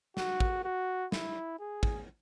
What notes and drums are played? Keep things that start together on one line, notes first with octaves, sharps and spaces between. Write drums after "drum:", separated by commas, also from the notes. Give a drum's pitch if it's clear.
F#4, drum: snare
drum: kick
F#4
E4, drum: snare
G#4
drum: kick